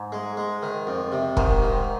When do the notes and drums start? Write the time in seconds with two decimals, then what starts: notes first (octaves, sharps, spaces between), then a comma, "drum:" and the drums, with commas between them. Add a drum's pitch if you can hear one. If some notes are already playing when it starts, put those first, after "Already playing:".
Already playing: G#2
0.12 G#3
0.37 G#3
0.62 D#3
0.87 F2
1.12 C3
1.37 G#2 D#3, drum: kick F1
1.62 D#3